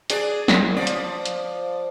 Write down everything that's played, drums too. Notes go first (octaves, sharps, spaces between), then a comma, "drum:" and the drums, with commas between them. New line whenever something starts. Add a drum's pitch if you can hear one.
D4 G#4 D5, drum: hi-hat
drum: snare
F3 D5
drum: hi-hat
drum: hi-hat